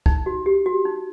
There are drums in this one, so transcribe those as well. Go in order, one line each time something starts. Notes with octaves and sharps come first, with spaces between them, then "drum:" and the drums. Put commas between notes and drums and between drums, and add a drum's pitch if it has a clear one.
D#4, drum: kick
F#4
G4
F#4
D#4